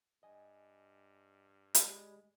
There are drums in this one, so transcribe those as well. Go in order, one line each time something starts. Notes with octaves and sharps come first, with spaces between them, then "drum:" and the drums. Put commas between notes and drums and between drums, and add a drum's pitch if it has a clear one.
G2 D#5 G#5
G#3 G4 D5 B5, drum: hi-hat